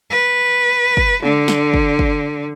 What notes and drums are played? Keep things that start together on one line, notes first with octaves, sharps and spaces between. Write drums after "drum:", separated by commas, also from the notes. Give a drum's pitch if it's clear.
B4
drum: kick
D3, drum: tom G#3
drum: snare
drum: kick
drum: kick